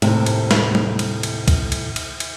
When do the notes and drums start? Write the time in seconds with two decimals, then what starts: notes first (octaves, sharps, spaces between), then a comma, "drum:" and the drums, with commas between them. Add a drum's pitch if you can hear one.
0.02 D#2 A2 C3 G5 A5, drum: cymbal
0.26 drum: cymbal
0.51 drum: snare
0.75 drum: tom
0.99 drum: cymbal
1.23 drum: cymbal
1.48 drum: kick, cymbal
1.72 drum: cymbal
1.96 drum: cymbal
2.20 drum: cymbal